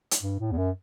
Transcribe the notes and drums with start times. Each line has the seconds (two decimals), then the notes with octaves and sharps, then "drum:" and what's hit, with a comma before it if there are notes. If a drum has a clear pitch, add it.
0.11 drum: hi-hat
0.22 G2
0.40 A2
0.51 E2
0.58 F#2